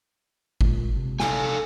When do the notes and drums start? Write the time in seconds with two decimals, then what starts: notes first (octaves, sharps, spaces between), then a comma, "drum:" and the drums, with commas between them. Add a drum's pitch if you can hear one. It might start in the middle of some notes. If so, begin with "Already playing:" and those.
0.61 A#2 G#3, drum: kick G1
0.96 C3
1.20 A4 F5 G#5, drum: snare